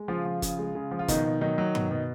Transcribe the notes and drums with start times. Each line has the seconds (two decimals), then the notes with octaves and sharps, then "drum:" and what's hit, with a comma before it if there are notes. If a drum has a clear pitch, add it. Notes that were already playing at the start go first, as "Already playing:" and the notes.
Already playing: G#3
0.08 C#3 F3 F4
0.25 F3
0.42 C#3, drum: kick, hi-hat
0.59 G#3
0.75 C#3
0.91 F3
0.99 F4
1.08 B2 D#3 D#4, drum: kick, hi-hat
1.25 B2
1.41 D#3 F#3 D#4
1.58 F#3
1.75 B2, drum: tom G2
1.91 B2